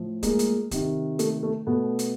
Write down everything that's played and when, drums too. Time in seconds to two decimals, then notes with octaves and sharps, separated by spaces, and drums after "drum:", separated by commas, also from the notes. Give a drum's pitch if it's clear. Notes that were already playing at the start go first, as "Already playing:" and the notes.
Already playing: A2 F3
0.23 G#3 A#3, drum: kick, hi-hat
0.39 drum: hi-hat
0.71 C3 D#3, drum: kick, hi-hat
1.19 A3, drum: hi-hat
1.43 A3
1.67 B2 A3 B3
1.99 drum: hi-hat